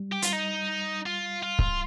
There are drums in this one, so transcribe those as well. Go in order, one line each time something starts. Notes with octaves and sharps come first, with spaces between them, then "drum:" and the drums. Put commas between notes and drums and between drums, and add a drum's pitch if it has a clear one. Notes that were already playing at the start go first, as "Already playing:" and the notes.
Already playing: G3
G4
F4, drum: hi-hat
D#4
F4
F4
drum: kick C#1